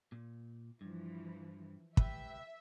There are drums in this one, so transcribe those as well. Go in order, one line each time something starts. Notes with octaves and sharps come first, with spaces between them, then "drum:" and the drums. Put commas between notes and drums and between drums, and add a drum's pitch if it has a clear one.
A#2
G2 E3 F3
G4 B4 E5, drum: kick